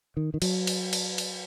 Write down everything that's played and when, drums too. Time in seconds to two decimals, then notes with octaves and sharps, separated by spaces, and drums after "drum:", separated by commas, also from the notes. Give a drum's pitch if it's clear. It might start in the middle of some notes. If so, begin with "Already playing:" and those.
0.17 D#3
0.34 D#3
0.42 F#3, drum: cymbal
0.67 drum: cymbal
0.93 drum: cymbal
1.18 drum: cymbal